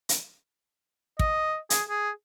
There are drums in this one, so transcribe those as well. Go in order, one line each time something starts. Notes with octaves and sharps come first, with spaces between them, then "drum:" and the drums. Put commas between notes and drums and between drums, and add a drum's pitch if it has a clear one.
drum: hi-hat
D#5, drum: kick
G#4, drum: hi-hat
G#4